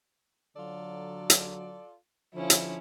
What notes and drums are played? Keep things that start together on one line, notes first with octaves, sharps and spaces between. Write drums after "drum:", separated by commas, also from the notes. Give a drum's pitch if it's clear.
D3 F#3 F4 A4 D5
drum: hi-hat
D3 F3 C#4 E4
drum: hi-hat